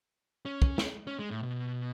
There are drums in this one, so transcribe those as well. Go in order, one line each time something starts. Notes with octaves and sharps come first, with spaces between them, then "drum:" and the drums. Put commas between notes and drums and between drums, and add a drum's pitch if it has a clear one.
C#4
drum: kick
drum: snare
C#4
G#3
A2
B2